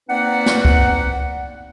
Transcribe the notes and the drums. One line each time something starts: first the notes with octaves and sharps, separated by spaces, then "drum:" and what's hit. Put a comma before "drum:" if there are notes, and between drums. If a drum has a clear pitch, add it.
A#3 C4 D#4 B4 D5 F#5
drum: snare
drum: kick C#2